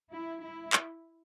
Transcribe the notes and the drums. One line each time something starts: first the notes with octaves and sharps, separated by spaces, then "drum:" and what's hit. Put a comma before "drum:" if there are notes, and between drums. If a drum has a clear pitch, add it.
E4
E4
drum: clap